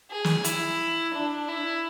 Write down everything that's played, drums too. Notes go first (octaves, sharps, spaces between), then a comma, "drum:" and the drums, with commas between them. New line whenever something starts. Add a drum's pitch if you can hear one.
G#4
drum: snare
E4, drum: hi-hat
D4
E4